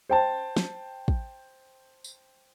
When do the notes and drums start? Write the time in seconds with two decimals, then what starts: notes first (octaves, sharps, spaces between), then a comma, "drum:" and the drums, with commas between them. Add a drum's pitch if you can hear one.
0.09 C5 G5 A5
0.57 drum: snare
1.08 drum: kick
2.04 drum: tambourine